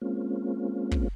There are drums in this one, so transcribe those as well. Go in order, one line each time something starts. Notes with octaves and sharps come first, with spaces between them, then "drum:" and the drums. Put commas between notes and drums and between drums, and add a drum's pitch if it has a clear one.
G#3 A#3 C4 C#4 F4
drum: kick